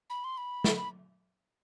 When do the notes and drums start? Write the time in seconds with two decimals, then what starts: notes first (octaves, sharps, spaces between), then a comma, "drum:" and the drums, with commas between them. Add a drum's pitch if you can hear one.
0.10 B5
0.24 C6
0.38 B5
0.64 drum: snare
0.77 B5